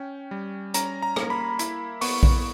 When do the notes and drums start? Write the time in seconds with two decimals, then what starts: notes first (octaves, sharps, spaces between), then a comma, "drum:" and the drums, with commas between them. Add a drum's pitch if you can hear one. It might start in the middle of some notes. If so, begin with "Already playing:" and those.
Already playing: C#4 G5
0.31 G3
0.74 C#4 A#5, drum: hi-hat
1.02 A#5
1.16 A#3, drum: rim click
1.30 B5
1.59 E4 B5, drum: hi-hat
2.01 B3 C#6, drum: open hi-hat
2.23 drum: kick A#1